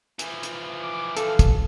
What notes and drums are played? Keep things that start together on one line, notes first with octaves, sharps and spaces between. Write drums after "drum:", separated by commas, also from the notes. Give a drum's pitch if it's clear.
E3 F3, drum: hi-hat
drum: hi-hat
D6
A4 F5, drum: hi-hat
drum: kick, hi-hat